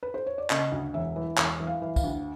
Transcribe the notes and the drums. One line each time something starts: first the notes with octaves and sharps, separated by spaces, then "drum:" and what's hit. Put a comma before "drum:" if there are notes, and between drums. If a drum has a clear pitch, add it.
B4
C5
C#5
D5
C#3 D#5, drum: clap
D2
E1 E5
E3
E1, drum: clap
E3
F5
E3
F5, drum: kick, tambourine
D2